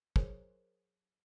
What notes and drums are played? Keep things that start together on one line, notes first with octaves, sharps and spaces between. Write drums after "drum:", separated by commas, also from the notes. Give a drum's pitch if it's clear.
F#3 G#4 A#4 C5 C#5, drum: kick